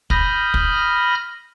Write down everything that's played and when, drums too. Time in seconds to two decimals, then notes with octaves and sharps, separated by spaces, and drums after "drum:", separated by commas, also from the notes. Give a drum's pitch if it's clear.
0.10 B5 D#6 F6 G6 A#6, drum: kick
0.54 drum: kick